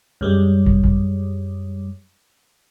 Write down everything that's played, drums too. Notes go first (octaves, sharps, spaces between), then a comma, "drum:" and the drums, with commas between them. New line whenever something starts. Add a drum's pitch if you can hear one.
F#2 G3 G#3
drum: kick
drum: kick